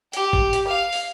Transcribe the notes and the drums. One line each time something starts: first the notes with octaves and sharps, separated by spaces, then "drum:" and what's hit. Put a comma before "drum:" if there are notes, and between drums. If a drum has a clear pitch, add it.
G4, drum: hi-hat
drum: kick G1
drum: hi-hat
F5
drum: open hi-hat